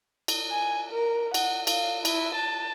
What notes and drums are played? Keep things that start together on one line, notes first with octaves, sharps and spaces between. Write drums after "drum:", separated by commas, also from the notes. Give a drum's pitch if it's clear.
drum: cymbal
G#5
A#4
F#5, drum: cymbal
F5, drum: cymbal
E4, drum: cymbal
A5